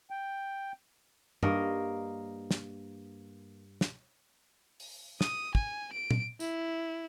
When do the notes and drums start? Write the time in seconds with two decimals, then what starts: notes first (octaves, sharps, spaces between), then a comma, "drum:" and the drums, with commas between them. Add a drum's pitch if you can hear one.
0.11 G5
1.43 G2 A#3 A#4 D#5, drum: tom G2
2.51 drum: snare
3.81 drum: snare
4.80 drum: open hi-hat
5.21 D#6, drum: snare
5.55 G#5, drum: kick
5.92 D7
6.11 drum: tom
6.40 E4, drum: tambourine